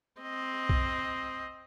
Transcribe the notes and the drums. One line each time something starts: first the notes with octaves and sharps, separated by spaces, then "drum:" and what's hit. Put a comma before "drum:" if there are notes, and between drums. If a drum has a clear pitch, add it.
C4 D#5
drum: kick B1